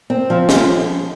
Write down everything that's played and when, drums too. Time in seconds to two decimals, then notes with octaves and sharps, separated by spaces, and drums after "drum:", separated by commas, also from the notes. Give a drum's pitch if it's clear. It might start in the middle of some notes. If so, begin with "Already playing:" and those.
0.10 C4
0.30 F3
0.49 drum: snare